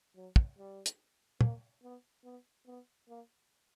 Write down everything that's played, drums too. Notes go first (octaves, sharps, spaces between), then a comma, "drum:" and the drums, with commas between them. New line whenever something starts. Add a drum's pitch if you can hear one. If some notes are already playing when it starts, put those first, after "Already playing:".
F#3
drum: kick
G3
drum: hi-hat
A#3, drum: tom
B3
B3
B3
A#3